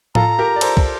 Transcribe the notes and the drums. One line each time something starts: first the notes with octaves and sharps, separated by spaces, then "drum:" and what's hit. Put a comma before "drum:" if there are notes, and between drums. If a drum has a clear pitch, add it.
F4 A4 A#5, drum: tom A2
G4 A#4
D5
A4 C5, drum: cymbal
drum: kick